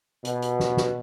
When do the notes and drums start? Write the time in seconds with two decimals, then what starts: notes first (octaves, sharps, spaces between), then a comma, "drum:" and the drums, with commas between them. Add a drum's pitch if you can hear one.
0.25 B2, drum: hi-hat
0.42 drum: hi-hat
0.60 drum: snare
0.77 drum: snare